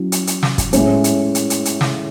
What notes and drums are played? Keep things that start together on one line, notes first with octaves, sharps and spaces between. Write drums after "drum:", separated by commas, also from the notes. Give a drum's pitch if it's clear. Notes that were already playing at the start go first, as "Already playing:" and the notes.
Already playing: F#3 C#4 E4
drum: hi-hat
drum: hi-hat
drum: snare
drum: kick, hi-hat
A2 G#3 C#4, drum: hi-hat
drum: hi-hat
drum: hi-hat
drum: hi-hat
drum: hi-hat
drum: snare